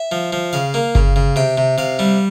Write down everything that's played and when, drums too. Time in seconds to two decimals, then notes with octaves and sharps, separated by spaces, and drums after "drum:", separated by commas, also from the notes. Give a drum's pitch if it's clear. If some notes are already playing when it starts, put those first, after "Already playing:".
Already playing: E5
0.12 F3
0.33 F3
0.53 C#3 F5
0.74 A#3
0.95 C#3, drum: kick G1
1.16 C#3
1.36 C3 G5
1.58 C3
1.78 C3 F5
1.99 G3